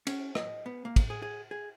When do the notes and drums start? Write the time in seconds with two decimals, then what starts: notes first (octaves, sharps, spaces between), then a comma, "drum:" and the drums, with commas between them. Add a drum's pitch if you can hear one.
0.07 C#4, drum: cymbal
0.35 D#5, drum: rim click
0.66 B3
0.85 A#3
0.96 drum: kick, cymbal
1.10 G#4
1.22 G#4
1.51 G#4